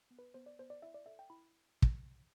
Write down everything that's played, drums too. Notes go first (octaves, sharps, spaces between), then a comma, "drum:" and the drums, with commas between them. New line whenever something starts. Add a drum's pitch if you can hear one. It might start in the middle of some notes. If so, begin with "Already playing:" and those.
B3
B4
B3 C5
D5
B3 C5
D5
E4 E5
D5
A4 E5
G5
E4 B5
drum: kick